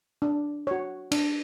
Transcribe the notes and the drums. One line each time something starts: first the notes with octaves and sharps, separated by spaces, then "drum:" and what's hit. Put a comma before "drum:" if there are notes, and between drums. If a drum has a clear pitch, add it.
D4
F#4 C#5
D4, drum: cymbal